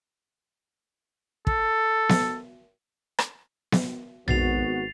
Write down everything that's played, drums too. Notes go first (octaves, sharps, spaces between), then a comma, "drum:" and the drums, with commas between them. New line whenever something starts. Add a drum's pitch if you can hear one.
A4, drum: kick
drum: snare B3
drum: rim click
drum: snare B3
G#1 B3 F#4 A6 C7 F7, drum: tom A#1